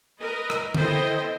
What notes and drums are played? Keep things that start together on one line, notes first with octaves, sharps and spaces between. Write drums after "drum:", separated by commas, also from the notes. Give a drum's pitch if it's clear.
A#4 B4 D#5
drum: rim click
B3 E4 A4 C5 D#5 G5, drum: tom D3